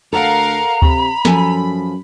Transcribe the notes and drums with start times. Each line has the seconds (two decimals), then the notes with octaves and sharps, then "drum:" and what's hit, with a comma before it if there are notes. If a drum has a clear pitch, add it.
0.13 D2 A4 A#4 F5 F#5 A#5
0.82 C3 B5, drum: kick D2
1.25 F#2 F3 A4 G#5, drum: snare